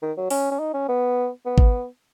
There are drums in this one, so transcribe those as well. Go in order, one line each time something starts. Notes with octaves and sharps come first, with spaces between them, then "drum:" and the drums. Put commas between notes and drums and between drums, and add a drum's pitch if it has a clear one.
D#3
F#3
C#4, drum: open hi-hat
C#4
D#4
C#4
B3
B3
drum: kick G#1